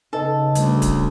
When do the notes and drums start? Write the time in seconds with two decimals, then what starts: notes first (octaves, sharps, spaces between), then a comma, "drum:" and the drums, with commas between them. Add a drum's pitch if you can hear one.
0.13 C#3 D#4 A4 B4 D#5
0.55 D2 G3 A3, drum: hi-hat
0.82 drum: kick D1, hi-hat